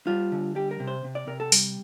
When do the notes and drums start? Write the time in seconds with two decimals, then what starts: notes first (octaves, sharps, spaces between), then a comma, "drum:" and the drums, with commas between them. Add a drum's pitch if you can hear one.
0.07 G3 F4
0.32 D3
0.55 G3 G4
0.71 A#4
0.80 C3
0.87 C5
1.04 C3
1.15 D5
1.27 C3 A#4
1.40 A4
1.52 G3, drum: open hi-hat